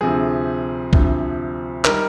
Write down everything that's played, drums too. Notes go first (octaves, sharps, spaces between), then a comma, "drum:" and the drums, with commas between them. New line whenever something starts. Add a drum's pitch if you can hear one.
D2 C3 F3 G#4
D2 C3 F3, drum: kick
D#3 G3 A#4, drum: clap